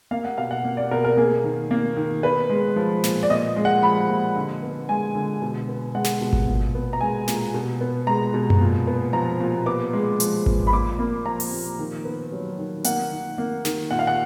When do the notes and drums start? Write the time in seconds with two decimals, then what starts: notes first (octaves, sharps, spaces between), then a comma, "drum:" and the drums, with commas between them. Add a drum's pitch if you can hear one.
0.11 A#3 F5
0.25 F#5
0.38 B2 F5
0.51 F#5
0.64 A#3
0.77 D5
0.91 B2 A#4
1.04 A#4
1.17 A#3 G#4
1.44 D#3
1.71 A#3
1.97 D#3
2.23 B3 B4
2.50 G#3
2.76 F3
3.04 A#2, drum: snare
3.23 D5
3.29 A#2 D#5
3.56 G#3
3.65 F#5
3.82 F3 B5
4.09 A#2
4.36 D3
4.63 B3
4.89 G#3 G#5
5.15 D3
5.42 B2
5.68 B3
5.95 G#3 F#5
6.04 drum: snare
6.21 B2
6.33 drum: kick G#1
6.47 A#2
6.75 B3
6.93 A#5
7.01 G#3 G#5
7.28 A#2, drum: snare
7.54 B2
7.81 B3
8.07 G#3 A#5
8.34 B2
8.50 drum: tom F#2
8.61 A#2
8.87 B3
9.13 F3 A#5
9.40 A#2
9.66 B3 D6
9.93 G#3
10.20 F3, drum: hi-hat
10.46 A#2, drum: kick G#1
10.67 B5
10.73 A#2 D6
10.99 A#3
11.25 F3 A#5
11.40 drum: open hi-hat
11.52 A#2
11.79 D#3
12.05 B3
12.32 F#3
12.59 D#3
12.84 A#3 F#5, drum: hi-hat
13.12 D#3
13.38 A#3
13.65 D#3, drum: snare
13.91 A#2 F#5
13.99 F5
14.07 F#5